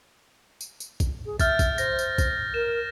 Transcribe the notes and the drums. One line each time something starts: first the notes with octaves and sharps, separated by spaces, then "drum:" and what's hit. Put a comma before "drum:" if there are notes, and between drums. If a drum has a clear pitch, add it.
drum: tambourine
drum: tambourine
drum: kick, tambourine
G#4
E5 F6 G6 A6, drum: kick, tambourine
drum: kick, tambourine
C5 A#6, drum: tambourine
drum: tambourine
drum: kick, tambourine
A#4 E7